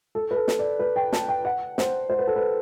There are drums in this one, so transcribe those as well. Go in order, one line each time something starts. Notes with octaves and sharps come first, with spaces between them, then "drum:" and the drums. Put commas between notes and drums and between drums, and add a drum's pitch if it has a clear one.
A4
B4
A4
drum: snare
D5
B4
G5
A5, drum: snare
G5
F#5
C5, drum: snare
C5
B4
A4
B4